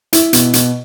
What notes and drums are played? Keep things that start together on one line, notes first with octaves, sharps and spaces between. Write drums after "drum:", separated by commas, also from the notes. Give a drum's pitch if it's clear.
E4, drum: hi-hat
B2, drum: hi-hat
B2, drum: hi-hat